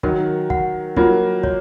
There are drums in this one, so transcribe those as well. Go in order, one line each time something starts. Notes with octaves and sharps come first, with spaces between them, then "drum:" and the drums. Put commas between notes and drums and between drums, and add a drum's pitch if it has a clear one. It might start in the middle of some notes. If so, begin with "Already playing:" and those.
D#3 F#3 A#4, drum: kick
F#5, drum: kick
F#3 A#3 F4, drum: kick
C#5, drum: kick